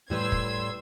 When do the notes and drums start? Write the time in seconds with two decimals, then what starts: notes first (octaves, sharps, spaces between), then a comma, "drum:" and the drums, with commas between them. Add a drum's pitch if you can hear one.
0.10 A2 G3 B4 C6 E6 G#6
0.32 drum: kick